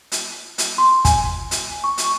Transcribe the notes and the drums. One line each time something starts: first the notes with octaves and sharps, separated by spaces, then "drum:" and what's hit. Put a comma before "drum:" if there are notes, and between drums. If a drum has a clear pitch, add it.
drum: hi-hat
drum: hi-hat
C6
G#5, drum: kick, hi-hat
drum: hi-hat
C#6
drum: hi-hat